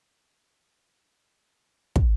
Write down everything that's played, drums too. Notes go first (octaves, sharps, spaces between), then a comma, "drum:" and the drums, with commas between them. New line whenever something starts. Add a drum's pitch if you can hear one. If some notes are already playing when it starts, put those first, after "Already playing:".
Already playing: F2
B4 C#5
D3
B4 C#5
A#3 C5 D5
C#5 D#5
G3 C5 D5
E5
D#5
F2 D5
C#5 D#5
D3
drum: kick